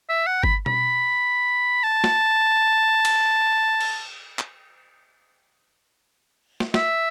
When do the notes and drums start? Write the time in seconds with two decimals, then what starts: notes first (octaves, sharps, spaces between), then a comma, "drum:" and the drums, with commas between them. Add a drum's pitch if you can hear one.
0.09 E5
0.27 F#5
0.43 B5, drum: kick G1
0.66 B5, drum: tom B2
1.83 A5
2.04 drum: snare
3.05 drum: cymbal
3.80 drum: cymbal
4.39 drum: clap
6.60 drum: snare
6.74 E5, drum: snare